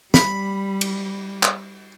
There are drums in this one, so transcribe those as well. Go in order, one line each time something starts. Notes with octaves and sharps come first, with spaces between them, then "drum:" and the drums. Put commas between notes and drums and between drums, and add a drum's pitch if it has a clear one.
G3 B5, drum: snare
drum: cymbal
drum: clap